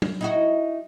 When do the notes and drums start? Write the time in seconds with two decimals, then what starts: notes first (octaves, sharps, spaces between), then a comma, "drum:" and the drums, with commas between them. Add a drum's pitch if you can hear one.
0.02 drum: tom
0.21 D#4 E4 F#4